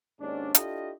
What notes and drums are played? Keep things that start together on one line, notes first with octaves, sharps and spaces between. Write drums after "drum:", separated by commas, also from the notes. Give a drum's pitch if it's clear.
D#2 G#2 C#4 D4
D4 E4 F4 G4 A4 D#5, drum: hi-hat